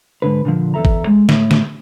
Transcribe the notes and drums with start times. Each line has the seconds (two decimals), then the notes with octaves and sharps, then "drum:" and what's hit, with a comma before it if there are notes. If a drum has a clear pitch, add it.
0.22 G#2 D3 B4
0.45 A#2 D3 F3
0.74 E2 B2 A4 E5 A#5
0.85 drum: kick G1
1.07 G#3
1.29 A2, drum: snare
1.51 drum: snare